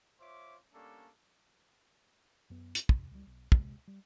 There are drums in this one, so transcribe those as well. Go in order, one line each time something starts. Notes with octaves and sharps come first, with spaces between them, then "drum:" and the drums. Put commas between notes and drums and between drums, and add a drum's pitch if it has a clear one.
F4 C5 C#5 E5 D6
G3 A3 A#3 C#4 D4 A4
F#2 B3
drum: hi-hat
E2 C3, drum: kick
C#2 G3
B1
A#1 D#2 C3 G#3, drum: kick
G3